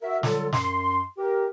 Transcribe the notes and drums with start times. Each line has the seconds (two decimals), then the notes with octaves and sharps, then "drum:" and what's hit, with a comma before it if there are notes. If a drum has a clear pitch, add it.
0.03 F#4 A#4 E5
0.23 D3 F#3 G3 F4 A4, drum: snare
0.53 F#2 C6, drum: snare
1.18 G4 A#4